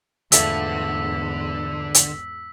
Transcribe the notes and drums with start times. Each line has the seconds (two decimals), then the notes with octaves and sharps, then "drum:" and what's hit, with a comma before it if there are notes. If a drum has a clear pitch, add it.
0.32 E2 G#2 D3 F3 A3 B3 E6 B6, drum: hi-hat
1.94 drum: hi-hat